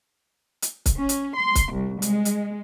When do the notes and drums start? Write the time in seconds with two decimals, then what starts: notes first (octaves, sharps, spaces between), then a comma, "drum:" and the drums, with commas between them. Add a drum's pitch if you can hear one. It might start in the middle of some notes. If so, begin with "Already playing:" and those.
0.62 drum: hi-hat
0.86 drum: kick, hi-hat
0.99 C#4
1.09 drum: hi-hat
1.37 C6
1.55 drum: kick, hi-hat
1.73 C2
2.02 G#3, drum: hi-hat
2.25 drum: hi-hat